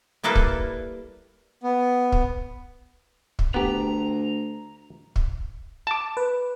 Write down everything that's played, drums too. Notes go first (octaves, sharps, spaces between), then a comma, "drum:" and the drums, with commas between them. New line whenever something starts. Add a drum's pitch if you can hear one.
G3 A#3 E4 A4 B4
drum: kick
B3
drum: kick
drum: kick
D2 B3 G4 A#5
drum: kick
A5 D6
B4